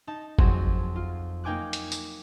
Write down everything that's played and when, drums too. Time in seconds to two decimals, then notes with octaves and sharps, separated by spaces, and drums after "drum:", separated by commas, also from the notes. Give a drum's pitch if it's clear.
0.07 D#4 A5
0.39 F2 F#3 C4 F#4 G#4 A#5, drum: kick G1
0.96 F4
1.44 A#3 D#4 G5 G#5 D6 F#6
1.73 drum: hi-hat
1.92 drum: tambourine